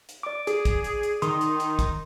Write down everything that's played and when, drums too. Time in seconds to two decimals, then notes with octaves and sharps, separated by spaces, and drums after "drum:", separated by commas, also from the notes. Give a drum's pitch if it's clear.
0.09 drum: hi-hat
0.23 D5 D6
0.47 G#4, drum: hi-hat
0.65 drum: kick, hi-hat
0.84 drum: hi-hat
1.03 drum: hi-hat
1.22 D#3 C6 D#6, drum: hi-hat
1.41 drum: hi-hat
1.60 drum: hi-hat
1.79 drum: kick, hi-hat